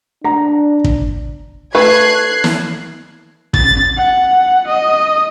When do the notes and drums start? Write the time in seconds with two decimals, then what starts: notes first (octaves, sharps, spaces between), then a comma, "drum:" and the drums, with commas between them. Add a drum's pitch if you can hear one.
0.24 D4 A#5
0.84 drum: kick
1.75 A3 B4 F#6 G#6 C7
2.44 drum: snare
3.54 A6, drum: kick
3.97 F#5
4.68 D#5